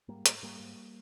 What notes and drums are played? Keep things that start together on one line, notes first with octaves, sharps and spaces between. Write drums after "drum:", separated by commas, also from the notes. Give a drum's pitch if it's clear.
G#2 G3 A#3
G#2, drum: hi-hat
G#2 G3 A#3
G#2